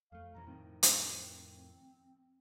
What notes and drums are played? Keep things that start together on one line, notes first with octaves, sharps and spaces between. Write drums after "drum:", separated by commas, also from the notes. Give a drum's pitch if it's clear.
F2 A3 F5
B1 F2 E3 A#5
F2 A2 D#3 C4
drum: hi-hat